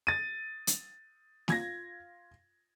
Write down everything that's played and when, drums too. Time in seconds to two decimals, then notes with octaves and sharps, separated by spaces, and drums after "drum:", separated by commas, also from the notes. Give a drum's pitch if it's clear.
0.07 A6 D#7
0.67 drum: hi-hat
1.48 F4 G#6 A#6, drum: snare